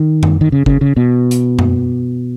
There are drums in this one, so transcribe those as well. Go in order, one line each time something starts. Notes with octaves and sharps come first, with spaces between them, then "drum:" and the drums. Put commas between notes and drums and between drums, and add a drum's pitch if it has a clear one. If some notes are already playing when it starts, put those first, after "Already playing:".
Already playing: D#3
drum: tom F#2
D#3
C#3
C#3, drum: kick G1
C#3
B2
drum: hi-hat
drum: tom F#2